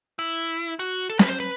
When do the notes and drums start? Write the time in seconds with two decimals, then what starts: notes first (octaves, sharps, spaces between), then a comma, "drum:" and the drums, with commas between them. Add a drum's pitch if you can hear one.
0.19 E4
0.79 F#4
1.10 A4
1.19 B4, drum: snare
1.29 C5
1.40 B4